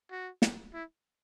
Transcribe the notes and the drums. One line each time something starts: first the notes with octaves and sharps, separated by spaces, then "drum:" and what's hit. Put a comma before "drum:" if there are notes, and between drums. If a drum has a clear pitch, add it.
F#4
drum: snare
E4